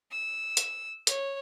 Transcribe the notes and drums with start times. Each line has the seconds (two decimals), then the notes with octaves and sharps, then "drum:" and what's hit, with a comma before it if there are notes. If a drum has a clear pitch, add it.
0.11 E6
0.57 drum: hi-hat
1.07 C#5, drum: hi-hat